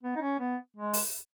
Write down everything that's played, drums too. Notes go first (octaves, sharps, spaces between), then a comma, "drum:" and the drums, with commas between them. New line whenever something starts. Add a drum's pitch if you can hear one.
B3
D#4
C#4
B3
G#3
drum: open hi-hat